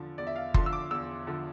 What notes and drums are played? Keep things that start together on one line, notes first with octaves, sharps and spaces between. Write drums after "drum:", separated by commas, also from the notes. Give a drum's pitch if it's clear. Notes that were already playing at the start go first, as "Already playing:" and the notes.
Already playing: E2 D3 F3
E2 D5
E5
F5
D3 F3 C6, drum: kick F#1
E6
D6
E2 E6
D3 F3